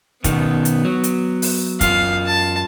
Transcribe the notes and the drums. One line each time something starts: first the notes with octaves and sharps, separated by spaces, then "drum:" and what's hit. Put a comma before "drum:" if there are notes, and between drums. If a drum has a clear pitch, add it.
B2 D#3 B3, drum: kick, hi-hat
drum: hi-hat
F#3
drum: hi-hat
drum: open hi-hat
F#2 F4 F5, drum: kick, hi-hat
A5